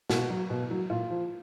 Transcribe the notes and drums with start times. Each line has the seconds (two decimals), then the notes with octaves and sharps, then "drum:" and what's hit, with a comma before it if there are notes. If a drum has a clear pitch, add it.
0.10 B2 F#4, drum: snare
0.30 F#3
0.50 B2
0.70 F#3
0.90 A#2 F4
1.10 F3